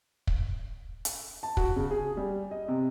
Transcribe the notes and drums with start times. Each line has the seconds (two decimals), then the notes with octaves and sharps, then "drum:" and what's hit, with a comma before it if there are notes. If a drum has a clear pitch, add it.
0.27 drum: kick
1.05 drum: hi-hat
1.43 A5
1.57 F#4, drum: kick
1.76 C#3
1.91 G#4
2.17 G3
2.51 D#5
2.68 C3